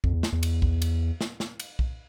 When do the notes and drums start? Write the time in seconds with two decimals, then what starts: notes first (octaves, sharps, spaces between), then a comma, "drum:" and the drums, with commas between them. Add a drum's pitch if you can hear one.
0.04 F2, drum: kick B1
0.13 E2
0.23 drum: snare
0.32 E2
0.43 drum: cymbal
0.62 drum: kick B1
0.82 drum: cymbal
1.21 drum: snare
1.40 drum: snare
1.60 drum: cymbal
1.79 drum: kick B1